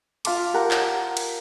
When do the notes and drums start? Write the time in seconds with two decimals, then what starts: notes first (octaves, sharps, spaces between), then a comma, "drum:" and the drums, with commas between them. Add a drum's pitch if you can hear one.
0.25 F4 F5 A5 C6 D6, drum: cymbal
0.54 G4 A#4 F#5 A5
0.71 drum: clap
1.17 drum: cymbal